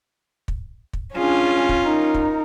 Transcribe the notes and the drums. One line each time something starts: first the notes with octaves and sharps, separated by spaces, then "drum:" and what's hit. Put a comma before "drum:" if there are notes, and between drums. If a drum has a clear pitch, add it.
drum: kick
drum: kick
C#4 D4 F4 G#4
drum: kick
D#4 A#4
drum: kick